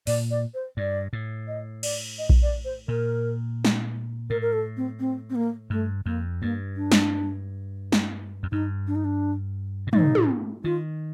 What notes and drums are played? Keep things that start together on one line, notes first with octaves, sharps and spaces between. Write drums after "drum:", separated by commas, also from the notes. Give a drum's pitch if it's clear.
A#2 D5, drum: open hi-hat
D5
C5
G2 D5
A2
D#5
D5, drum: cymbal
D#5
drum: kick A#1
D5
C5
A#2 A#4
drum: snare
A2 A#4
A#4
A4
C4
C4
C4
A#3
G2 A3
F2 A#3
G2 A#3
D4
drum: snare
drum: snare
F2
G2 D#4
D4
D#4
D4
A#2
A2 D#4, drum: tom
drum: tom
D#3 F4